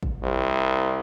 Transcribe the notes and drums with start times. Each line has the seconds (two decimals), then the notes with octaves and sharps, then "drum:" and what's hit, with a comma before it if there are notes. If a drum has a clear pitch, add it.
0.03 drum: kick G#1
0.23 C2